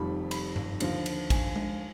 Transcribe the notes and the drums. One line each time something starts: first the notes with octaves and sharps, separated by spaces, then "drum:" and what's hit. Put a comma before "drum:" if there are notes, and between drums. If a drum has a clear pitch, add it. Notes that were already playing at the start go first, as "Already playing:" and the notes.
Already playing: F1 F2 D#3 G3 B5
B5, drum: cymbal
drum: tom G2
D#2 D3 F3, drum: cymbal
drum: cymbal
G#5, drum: kick, cymbal
drum: tom G#3